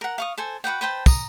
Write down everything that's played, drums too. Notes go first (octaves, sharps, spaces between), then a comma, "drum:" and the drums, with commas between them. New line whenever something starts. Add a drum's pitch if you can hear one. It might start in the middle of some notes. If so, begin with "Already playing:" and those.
A#4 F#5
F5 C#6 D#6
A4 C5 G#5
F#4 B4 F#5 G5
B4 C5 G5 A5
A#5 D#6, drum: kick, tambourine